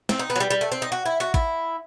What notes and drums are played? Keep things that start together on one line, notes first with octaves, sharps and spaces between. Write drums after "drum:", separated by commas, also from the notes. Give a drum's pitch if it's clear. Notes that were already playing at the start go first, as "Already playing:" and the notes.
C4, drum: snare
D#4
B3
F#3
G3
G3
A3
C4
D#4
F#4
E4
F#4
E4, drum: kick